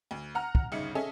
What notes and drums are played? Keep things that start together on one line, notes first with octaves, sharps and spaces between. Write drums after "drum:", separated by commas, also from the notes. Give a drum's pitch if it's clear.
D2
F#5 A#5 F6
drum: kick
G1 C#3 D#4 E5 C#7
C#4 G#4 A4 D#5 E5